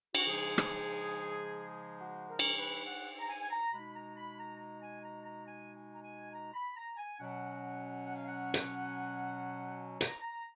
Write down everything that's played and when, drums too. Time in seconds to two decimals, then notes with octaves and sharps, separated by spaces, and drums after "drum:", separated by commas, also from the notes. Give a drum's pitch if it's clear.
0.15 F#4, drum: cymbal
0.26 C#3 F3 G#3 D#4 G#4
0.58 drum: rim click
2.00 F#4
2.28 A#4
2.39 drum: cymbal
2.57 B4
2.86 F#5
3.19 A#5
3.29 G#5
3.42 G#5
3.50 A#5
3.72 B2 G#3 D#4 B5
3.94 A#5
4.16 B5
4.38 A#5
4.59 A#5
4.81 G#5
5.02 A#5
5.24 A#5
5.46 G#5
5.74 G#5
5.94 A#5
6.03 G#5
6.32 A#5
6.54 B5
6.76 A#5
6.97 G#5
7.18 B2 F#3 C#4 F#5
8.05 F#5
8.16 F5
8.27 F#5
8.54 drum: hi-hat
10.01 A#5, drum: hi-hat
10.21 A#5